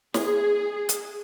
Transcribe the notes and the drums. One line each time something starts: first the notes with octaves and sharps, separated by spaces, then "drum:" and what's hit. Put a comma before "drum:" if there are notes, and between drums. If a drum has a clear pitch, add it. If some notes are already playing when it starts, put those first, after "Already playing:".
G#4, drum: snare
drum: hi-hat